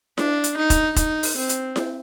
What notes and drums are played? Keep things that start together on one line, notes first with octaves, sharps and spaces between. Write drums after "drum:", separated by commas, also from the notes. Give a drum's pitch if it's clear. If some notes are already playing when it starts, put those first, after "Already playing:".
D4, drum: snare E4
drum: hi-hat
D#4
drum: kick, hi-hat
D#4, drum: kick, hi-hat
drum: open hi-hat
C4
drum: hi-hat
drum: snare E4